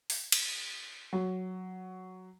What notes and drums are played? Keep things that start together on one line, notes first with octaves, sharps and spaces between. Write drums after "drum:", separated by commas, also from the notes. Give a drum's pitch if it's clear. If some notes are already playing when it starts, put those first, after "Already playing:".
drum: open hi-hat
drum: cymbal
F#3